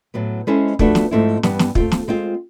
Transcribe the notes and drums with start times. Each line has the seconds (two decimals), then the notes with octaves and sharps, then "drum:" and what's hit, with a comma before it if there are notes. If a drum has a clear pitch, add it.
0.14 A2 F#3 B3
0.47 G#3 C#4 E4 A4 C5
0.79 F3 A3 D4 F#4 B4, drum: kick
0.95 drum: snare
1.11 G#2 F3 A3 C4 E4
1.43 G2 E3 G3 B3, drum: snare
1.59 drum: snare
1.75 A3 C4 F4, drum: kick
1.92 drum: snare
2.08 G#3 C4 F4